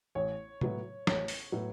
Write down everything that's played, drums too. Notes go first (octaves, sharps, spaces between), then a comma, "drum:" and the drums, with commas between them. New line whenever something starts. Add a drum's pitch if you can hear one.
A1 C#5
A2 F#3 B3, drum: tom C3
A1 C#5, drum: snare
drum: open hi-hat
A2 F#3 B3